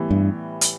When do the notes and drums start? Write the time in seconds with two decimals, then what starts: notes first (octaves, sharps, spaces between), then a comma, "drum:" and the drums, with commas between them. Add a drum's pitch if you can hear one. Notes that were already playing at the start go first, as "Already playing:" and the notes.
Already playing: A2 E3 G3 B3
0.11 G2
0.61 drum: hi-hat